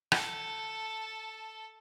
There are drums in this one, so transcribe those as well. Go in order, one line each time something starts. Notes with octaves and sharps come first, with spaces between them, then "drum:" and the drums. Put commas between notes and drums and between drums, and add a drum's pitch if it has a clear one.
A4 A5, drum: rim click